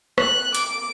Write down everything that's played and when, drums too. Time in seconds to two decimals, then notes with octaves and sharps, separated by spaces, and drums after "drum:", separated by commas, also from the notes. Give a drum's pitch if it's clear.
0.18 F#6, drum: rim click
0.55 D6, drum: hi-hat